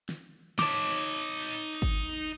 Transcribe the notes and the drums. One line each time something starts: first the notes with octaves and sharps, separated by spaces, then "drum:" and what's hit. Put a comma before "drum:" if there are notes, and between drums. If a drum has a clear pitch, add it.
drum: snare
D#4 C#5 A5 D6, drum: snare
drum: hi-hat
drum: kick